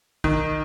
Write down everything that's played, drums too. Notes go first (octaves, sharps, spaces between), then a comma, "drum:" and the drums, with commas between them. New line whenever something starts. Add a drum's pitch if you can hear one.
D#3, drum: kick